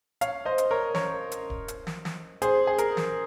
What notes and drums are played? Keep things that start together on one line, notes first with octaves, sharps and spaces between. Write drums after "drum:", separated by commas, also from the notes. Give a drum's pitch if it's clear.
C#5 F5, drum: hi-hat
C5 D#5
drum: hi-hat
A#4 C#5
A#4 C#5, drum: snare
drum: hi-hat
drum: kick D1
drum: hi-hat
drum: snare
drum: snare
G#4 C5, drum: hi-hat
G#4
A#4, drum: hi-hat
drum: snare